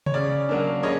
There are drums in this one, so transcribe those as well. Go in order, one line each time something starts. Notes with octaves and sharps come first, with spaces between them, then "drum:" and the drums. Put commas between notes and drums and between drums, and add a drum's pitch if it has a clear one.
C#5, drum: tom C3
C#3 D5
F#3 A#3 D4
C#3 C#5 D#5